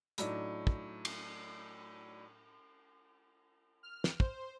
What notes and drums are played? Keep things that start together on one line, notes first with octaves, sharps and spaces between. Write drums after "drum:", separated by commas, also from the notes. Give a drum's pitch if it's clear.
A2 F#3 D4 D#4, drum: hi-hat
drum: kick
drum: cymbal
F6
drum: snare
C5, drum: kick